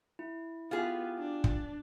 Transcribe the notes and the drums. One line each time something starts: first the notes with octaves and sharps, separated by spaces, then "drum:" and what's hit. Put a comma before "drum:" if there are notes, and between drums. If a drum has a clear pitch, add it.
E4
B3 F4 G4 G#4
D4
drum: kick